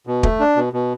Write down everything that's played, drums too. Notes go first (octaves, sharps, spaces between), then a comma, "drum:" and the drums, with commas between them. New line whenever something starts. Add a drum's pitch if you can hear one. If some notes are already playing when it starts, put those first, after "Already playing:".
B2
A3, drum: kick
D4
B2
B2